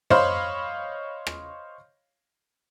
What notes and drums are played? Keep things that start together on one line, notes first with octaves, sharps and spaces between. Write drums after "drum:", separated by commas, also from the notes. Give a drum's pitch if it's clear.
C5 C#5 D#5 F5 B5 C6, drum: tom
drum: rim click